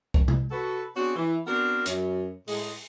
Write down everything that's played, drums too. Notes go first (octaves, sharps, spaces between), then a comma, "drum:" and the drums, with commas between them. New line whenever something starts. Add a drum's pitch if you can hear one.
drum: kick C2
drum: tom
F#4 A4 B4
B3 C4 D4 F#4 G#4 C#5
E3
B3 C4 D4 F#4 A#4
F#2, drum: hi-hat
A2 G#3, drum: open hi-hat